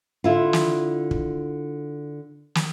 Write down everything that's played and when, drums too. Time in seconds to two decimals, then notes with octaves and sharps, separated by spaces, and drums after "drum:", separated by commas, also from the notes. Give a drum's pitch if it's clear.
0.24 D3 E4 F4
0.53 drum: snare
1.11 drum: kick
2.55 drum: snare